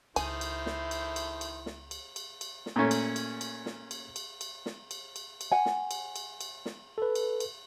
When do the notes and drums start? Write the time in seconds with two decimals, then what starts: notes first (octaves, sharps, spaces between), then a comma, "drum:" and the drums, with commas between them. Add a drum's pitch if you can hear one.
0.16 C#2 D#3 A3 E4 C5 G#5, drum: cymbal
0.41 drum: cymbal
0.66 drum: snare
0.91 drum: cymbal
1.16 drum: cymbal
1.41 drum: cymbal
1.66 drum: snare
1.91 drum: cymbal
2.16 drum: cymbal
2.41 drum: cymbal
2.66 drum: snare
2.76 A#2 A3 C#4
2.91 drum: cymbal
3.16 drum: cymbal
3.41 drum: cymbal
3.66 drum: snare
3.91 drum: cymbal
4.16 drum: cymbal
4.41 drum: cymbal
4.66 drum: snare
4.91 drum: cymbal
5.16 drum: cymbal
5.41 drum: cymbal
5.51 F#5 G#5
5.66 drum: snare
5.91 drum: cymbal
6.16 drum: cymbal
6.41 drum: cymbal
6.66 drum: snare
6.98 A4 B4
7.15 drum: cymbal
7.40 drum: cymbal